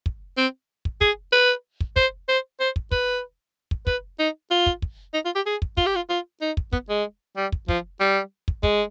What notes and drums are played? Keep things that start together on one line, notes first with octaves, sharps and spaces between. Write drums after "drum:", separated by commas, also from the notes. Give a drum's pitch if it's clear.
drum: kick
C4
drum: kick
G#4, drum: kick
B4
drum: kick
C5, drum: kick
C5
C5
drum: kick
B4, drum: kick
drum: kick
B4, drum: kick
D#4
F4
drum: kick
drum: kick
D#4
F4
G4
G#4
drum: kick
F4, drum: kick
G4
F4
F4
D#4
drum: kick
B3, drum: kick
G#3
G3
drum: kick
F3, drum: kick
G3
drum: kick
G#3, drum: kick